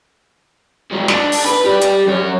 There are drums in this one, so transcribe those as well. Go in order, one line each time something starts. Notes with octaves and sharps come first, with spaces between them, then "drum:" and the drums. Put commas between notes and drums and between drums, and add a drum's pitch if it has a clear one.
G#3 F#4
D4, drum: snare
drum: open hi-hat
B4
G4 D5
drum: hi-hat
F#2 C#5